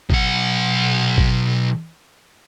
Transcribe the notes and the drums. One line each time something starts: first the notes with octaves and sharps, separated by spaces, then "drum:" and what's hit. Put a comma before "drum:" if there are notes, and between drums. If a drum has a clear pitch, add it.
B1 F#5, drum: kick
drum: kick